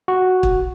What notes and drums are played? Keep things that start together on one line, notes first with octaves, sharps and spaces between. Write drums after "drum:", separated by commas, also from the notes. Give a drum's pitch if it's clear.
F#4
drum: kick